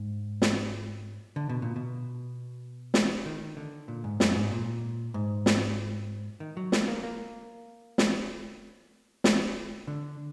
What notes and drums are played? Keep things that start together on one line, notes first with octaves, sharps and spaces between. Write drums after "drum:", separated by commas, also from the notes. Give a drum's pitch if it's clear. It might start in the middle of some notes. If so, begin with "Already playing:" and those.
Already playing: G#2
drum: snare
D3
B2
A#2
B2
drum: snare
D#3
D3
A#2
G#2
F#2, drum: snare
G#2
A#2
G#2
drum: snare
D#3
F#3
A#3, drum: snare
A#3
A#3
drum: snare
drum: snare
D3